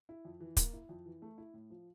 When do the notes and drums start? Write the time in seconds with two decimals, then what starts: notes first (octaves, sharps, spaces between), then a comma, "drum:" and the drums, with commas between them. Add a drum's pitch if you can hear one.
0.09 E4
0.25 F2
0.40 E3
0.57 A#3, drum: kick, hi-hat
0.73 E4
0.89 F2
1.06 E3
1.22 A3
1.38 E4
1.54 A2
1.70 F3